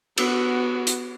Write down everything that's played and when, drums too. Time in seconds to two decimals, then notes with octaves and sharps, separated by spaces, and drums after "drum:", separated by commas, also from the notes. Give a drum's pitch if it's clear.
0.18 B3 F#4, drum: cymbal
0.87 drum: hi-hat